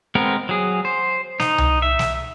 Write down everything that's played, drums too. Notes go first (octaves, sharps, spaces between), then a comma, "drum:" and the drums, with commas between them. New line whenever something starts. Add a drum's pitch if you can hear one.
G#3 B3 C4 A#4
F#3 G#4
C5
D#4, drum: snare
drum: tom C2
E5
drum: snare